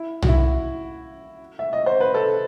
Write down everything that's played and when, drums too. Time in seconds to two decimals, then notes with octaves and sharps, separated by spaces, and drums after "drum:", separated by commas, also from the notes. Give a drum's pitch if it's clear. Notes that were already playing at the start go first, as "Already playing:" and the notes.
Already playing: E4
0.22 F#4, drum: tom
0.28 E4
1.59 E5
1.73 D#5
1.86 C5
2.00 B4
2.14 A4